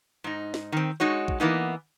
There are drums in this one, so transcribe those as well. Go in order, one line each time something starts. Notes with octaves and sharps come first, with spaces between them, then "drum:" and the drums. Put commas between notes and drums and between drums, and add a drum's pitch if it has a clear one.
G#2 D#4
drum: snare
D#3 C4
G#3 D#4 F#4 C#5
drum: kick A1
E3 A#3 B3 D#4